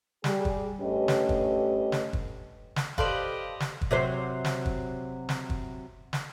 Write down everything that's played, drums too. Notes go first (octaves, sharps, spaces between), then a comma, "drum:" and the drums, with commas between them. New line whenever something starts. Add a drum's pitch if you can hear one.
G3 G#4, drum: snare
drum: kick
G2 A3 C#4 G4 B4 D#5
drum: snare
drum: kick
drum: snare
drum: kick
drum: snare
G4 A4 B4 C5 D5 D#5 F5, drum: kick
drum: snare
drum: kick
C3 F#3 C5
drum: snare
drum: kick
drum: snare
drum: kick
drum: snare